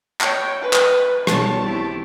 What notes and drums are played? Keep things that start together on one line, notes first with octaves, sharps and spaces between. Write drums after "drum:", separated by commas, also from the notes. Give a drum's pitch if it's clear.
C#5 G5, drum: clap
B4
drum: clap
B2 G3 C#5 A5, drum: rim click
C4 E4 G4